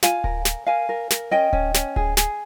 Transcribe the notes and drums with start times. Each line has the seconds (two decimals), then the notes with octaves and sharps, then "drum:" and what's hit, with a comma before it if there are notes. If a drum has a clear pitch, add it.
0.03 F4 F5 G#5, drum: snare
0.24 A#4, drum: kick D1
0.45 A#4, drum: snare
0.67 A#4 F5 G#5
0.89 A#4
1.11 A#4, drum: snare
1.31 C#4 D#5 G5
1.53 C#4, drum: kick D1
1.75 C#4, drum: snare
1.96 G#4, drum: kick D1
2.17 G#4, drum: snare